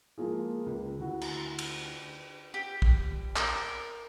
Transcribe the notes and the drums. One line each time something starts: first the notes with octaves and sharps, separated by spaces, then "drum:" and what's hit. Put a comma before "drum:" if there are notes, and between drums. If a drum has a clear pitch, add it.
F3 G#3 A#3 F4 G#4
C#2
D2 E4 F#4
drum: cymbal
drum: cymbal
G4
drum: kick
A#4, drum: clap